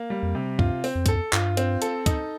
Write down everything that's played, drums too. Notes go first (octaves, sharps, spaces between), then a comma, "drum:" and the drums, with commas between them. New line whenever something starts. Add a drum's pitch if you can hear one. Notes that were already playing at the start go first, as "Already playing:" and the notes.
Already playing: A#3
G3
F2
C3
G2 F4, drum: kick
C4, drum: open hi-hat
F2
G2 A4, drum: kick, hi-hat
F2
G2 F4, drum: clap
C4, drum: hi-hat
A4, drum: hi-hat
D#4, drum: kick, hi-hat